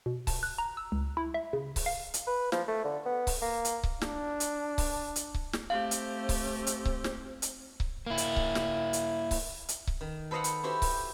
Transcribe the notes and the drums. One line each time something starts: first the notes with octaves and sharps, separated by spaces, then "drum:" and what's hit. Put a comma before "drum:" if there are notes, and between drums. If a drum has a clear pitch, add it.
B2
A5, drum: kick C#1, open hi-hat
F#6
A#5
E6
C#2
E4
E5
C#3
drum: kick C#1, open hi-hat
F5
drum: hi-hat
B4
F3, drum: snare
A3
D3
B3
drum: kick C#1, open hi-hat
A#3
drum: hi-hat
drum: kick C#1
D4, drum: snare
drum: hi-hat
drum: kick C#1, open hi-hat
drum: hi-hat
drum: kick C#1
drum: snare
A3 C4 G4 F5
drum: hi-hat
drum: kick C#1, open hi-hat
drum: hi-hat
drum: kick C#1
drum: snare
drum: hi-hat
drum: kick C#1
A#3 E4
drum: hi-hat
drum: kick C#1
drum: snare
drum: hi-hat
drum: kick C#1, open hi-hat
drum: hi-hat
drum: kick C#1
D#3
A4 B4 C5 D#5 F5 F#5
drum: hi-hat
E4 F#4 G4 B4 C5
drum: kick C#1, open hi-hat